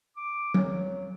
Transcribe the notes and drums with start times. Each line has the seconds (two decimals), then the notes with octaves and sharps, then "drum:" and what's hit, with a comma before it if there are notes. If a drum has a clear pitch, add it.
0.16 D6
0.54 F#3, drum: tom F#3